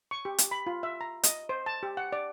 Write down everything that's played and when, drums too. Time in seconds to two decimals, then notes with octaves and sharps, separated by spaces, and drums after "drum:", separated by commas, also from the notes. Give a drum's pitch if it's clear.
0.11 C#6
0.25 G4
0.38 drum: hi-hat
0.51 B5
0.67 F4
0.83 E5
1.01 A#5
1.23 D#5, drum: hi-hat
1.49 C5
1.66 A5
1.83 G4
1.97 F#5
2.13 D5